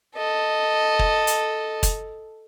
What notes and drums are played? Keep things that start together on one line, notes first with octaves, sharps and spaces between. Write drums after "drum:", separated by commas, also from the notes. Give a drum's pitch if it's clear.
A4 D#5
drum: kick
drum: hi-hat
drum: kick, hi-hat